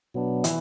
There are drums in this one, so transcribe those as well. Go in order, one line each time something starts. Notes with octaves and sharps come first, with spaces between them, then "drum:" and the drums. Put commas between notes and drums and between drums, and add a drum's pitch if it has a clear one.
B2 F#3 B3 D4
E3 E4, drum: hi-hat